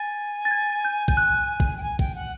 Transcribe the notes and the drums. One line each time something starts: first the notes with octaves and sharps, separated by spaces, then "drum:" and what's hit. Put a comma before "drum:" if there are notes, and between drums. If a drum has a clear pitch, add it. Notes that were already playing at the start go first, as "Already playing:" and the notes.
Already playing: G#5 A6
A6
G#6
G6
G6, drum: kick A#1
F#6
drum: kick A#1
G5
G#5
G5, drum: kick A#1
F#5